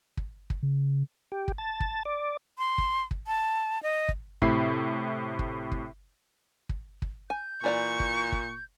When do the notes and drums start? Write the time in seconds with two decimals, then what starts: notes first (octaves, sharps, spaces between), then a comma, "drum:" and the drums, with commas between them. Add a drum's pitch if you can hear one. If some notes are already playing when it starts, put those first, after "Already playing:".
0.17 drum: kick
0.50 drum: kick
0.63 C#3
1.32 G4
1.48 drum: kick
1.58 A5
1.80 drum: kick
2.05 D5
2.58 C6
2.78 drum: kick
3.11 drum: kick
3.27 A5
3.83 D#5
4.09 drum: kick
4.42 A2 C3 E4 B5 C7, drum: kick
5.39 drum: kick
5.72 drum: kick
6.69 drum: kick
7.02 drum: kick
7.30 G#5 G6
7.64 A#2 E3 D5 A#5 C#6
8.00 drum: kick
8.32 drum: kick